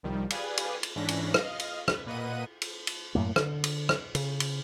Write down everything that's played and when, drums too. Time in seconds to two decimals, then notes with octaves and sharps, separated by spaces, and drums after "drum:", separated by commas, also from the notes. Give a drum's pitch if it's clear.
0.03 C2 D#3 F3 G3
0.30 G4 G#4 B4 D5 F5 G#5, drum: cymbal
0.57 drum: cymbal
0.83 drum: cymbal
0.96 G#2 E3 C#4 D4 A#6 B6
1.08 drum: cymbal
1.34 D#5 F5 F6, drum: rim click
1.60 drum: cymbal
1.88 B4, drum: rim click
2.06 A#2 A#3 B4 D#5 F#5 D#7
2.62 drum: cymbal
2.87 drum: cymbal
3.15 F#2 A2 A#3
3.36 D3, drum: rim click
3.64 drum: cymbal
3.89 drum: rim click
4.15 C#3, drum: cymbal
4.40 drum: cymbal